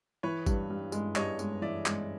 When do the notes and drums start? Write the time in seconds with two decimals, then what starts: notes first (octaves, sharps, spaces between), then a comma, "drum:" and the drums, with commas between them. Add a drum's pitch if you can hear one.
0.23 E3 B4 C#5
0.46 G2, drum: kick, tambourine
0.70 G2
0.92 G#3, drum: tambourine
1.16 G2 C#5 D#5, drum: clap
1.39 G#3, drum: tambourine
1.62 E3 D5 E5
1.86 G#3, drum: clap